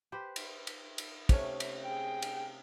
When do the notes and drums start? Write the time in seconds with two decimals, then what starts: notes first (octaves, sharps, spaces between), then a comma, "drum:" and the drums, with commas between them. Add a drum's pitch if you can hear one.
0.12 G4 B4 C5
0.36 drum: cymbal
0.67 drum: cymbal
0.98 drum: cymbal
1.29 C3 A3 C#4, drum: kick, cymbal
1.60 drum: cymbal
1.83 G#4 G5
2.22 drum: cymbal